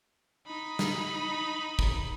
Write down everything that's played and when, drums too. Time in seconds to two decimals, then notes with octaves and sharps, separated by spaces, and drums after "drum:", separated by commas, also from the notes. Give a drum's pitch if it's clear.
0.47 D#4 B5
0.79 drum: snare
1.79 drum: kick